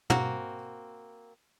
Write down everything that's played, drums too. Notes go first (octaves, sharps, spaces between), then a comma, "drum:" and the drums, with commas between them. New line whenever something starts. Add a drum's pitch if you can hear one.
A#3 C4 F#4, drum: tom